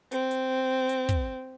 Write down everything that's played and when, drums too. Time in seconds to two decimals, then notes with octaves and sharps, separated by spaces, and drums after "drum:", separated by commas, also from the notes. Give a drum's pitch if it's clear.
0.12 C4, drum: hi-hat
0.31 drum: hi-hat
0.89 drum: hi-hat
1.09 drum: kick, hi-hat